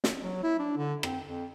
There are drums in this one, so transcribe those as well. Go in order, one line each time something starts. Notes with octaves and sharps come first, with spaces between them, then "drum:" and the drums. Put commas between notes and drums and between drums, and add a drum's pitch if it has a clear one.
drum: snare
F#3
E4
D4
D3
C4, drum: rim click
F2